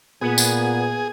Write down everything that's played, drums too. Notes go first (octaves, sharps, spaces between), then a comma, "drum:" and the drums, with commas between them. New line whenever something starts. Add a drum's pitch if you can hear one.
A#2 B3 G#4
drum: tambourine